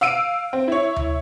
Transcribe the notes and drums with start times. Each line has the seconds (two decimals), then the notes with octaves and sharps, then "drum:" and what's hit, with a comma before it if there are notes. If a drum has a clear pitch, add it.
0.01 F5 E6 D7 D#7
0.53 C4
0.68 E4 C#5
0.96 drum: tom D2